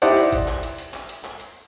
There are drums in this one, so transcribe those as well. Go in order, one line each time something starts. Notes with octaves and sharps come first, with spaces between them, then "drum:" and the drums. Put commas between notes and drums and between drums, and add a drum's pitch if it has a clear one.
D#4 E4 G4 C5 D5 F#5, drum: hi-hat
drum: clap
drum: kick, hi-hat
drum: clap
drum: hi-hat
drum: hi-hat
drum: clap
drum: hi-hat
drum: clap
drum: hi-hat